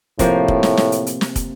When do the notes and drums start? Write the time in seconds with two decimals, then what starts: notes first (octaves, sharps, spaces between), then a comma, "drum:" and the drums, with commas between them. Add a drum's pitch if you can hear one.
0.19 A2 C3 F3 A#3, drum: kick, hi-hat
0.48 drum: kick
0.63 drum: snare
0.77 drum: snare
0.92 drum: hi-hat
1.07 drum: hi-hat
1.21 drum: snare
1.36 drum: kick, hi-hat